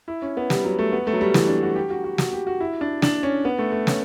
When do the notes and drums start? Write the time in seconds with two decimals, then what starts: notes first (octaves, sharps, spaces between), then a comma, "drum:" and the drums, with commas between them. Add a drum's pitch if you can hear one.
0.08 E4
0.22 C#4
0.37 B3
0.50 G3, drum: snare
0.64 F#3
0.79 A3
0.93 B3
1.07 A3
1.13 F#3
1.21 G3
1.34 E3, drum: snare
1.48 D4
1.63 F#4
1.76 G4
1.90 F#4
2.04 F#4
2.18 F#4, drum: snare
2.33 G4
2.47 F#4
2.60 E4
2.81 D4
3.02 D4, drum: snare
3.23 C#4
3.45 B3
3.59 A3
3.72 A3
3.87 C#4, drum: snare